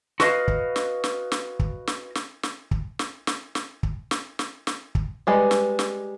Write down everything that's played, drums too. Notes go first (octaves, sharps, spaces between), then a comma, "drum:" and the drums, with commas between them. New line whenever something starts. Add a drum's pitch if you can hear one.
F#4 B4 D#5 F5, drum: snare
drum: kick
drum: snare
drum: snare
drum: snare
drum: kick
drum: snare
drum: snare
drum: snare
drum: kick
drum: snare
drum: snare
drum: snare
drum: kick
drum: snare
drum: snare
drum: snare
drum: kick
G3 G#3 B4 D#5
drum: snare
drum: snare